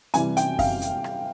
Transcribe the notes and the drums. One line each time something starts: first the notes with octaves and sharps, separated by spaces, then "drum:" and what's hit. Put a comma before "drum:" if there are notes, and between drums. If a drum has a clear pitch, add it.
C3 E3 G3 G#5, drum: hi-hat
G5, drum: hi-hat
F5, drum: kick F#2, open hi-hat
drum: hi-hat
drum: rim click